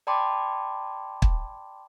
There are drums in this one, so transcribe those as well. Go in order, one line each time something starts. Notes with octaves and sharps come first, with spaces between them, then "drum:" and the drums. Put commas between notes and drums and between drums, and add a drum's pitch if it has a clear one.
D5 G5 A5 B5 C6 D6
drum: kick